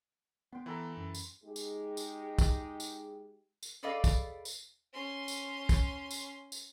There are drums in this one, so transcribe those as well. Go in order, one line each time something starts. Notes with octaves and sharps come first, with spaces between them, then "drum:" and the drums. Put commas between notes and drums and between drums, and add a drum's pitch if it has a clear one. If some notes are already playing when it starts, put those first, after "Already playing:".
B3 G5 C6
E3 A4 A#5 B5
F#2
drum: tambourine
G#3 D#4 G4
drum: tambourine
drum: tambourine
drum: kick, tambourine
drum: tambourine
drum: tambourine
G#4 A4 B4 D5 D#5 F5
drum: kick, tambourine
drum: tambourine
C#4 C6
drum: tambourine
drum: kick, tambourine
drum: tambourine
drum: tambourine